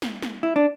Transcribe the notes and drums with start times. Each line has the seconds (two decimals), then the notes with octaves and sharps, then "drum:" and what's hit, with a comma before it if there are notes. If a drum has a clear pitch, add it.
0.02 drum: snare
0.22 drum: snare
0.43 E4
0.56 D4